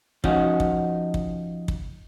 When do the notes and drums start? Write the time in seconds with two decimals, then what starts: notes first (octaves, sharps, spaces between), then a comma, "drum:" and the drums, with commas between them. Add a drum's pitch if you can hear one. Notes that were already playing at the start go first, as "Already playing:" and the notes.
0.24 F3 C#4 D#4 F#4, drum: kick
0.60 drum: kick
1.14 drum: kick
1.68 drum: kick